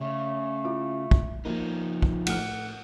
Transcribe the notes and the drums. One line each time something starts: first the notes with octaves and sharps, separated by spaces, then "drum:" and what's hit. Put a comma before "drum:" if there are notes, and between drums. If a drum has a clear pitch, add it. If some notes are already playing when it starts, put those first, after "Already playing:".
C#3 A3
E4 F4 D6
drum: kick
F3 A#3 D#4 F4
drum: kick
A2 F#5 F6, drum: cymbal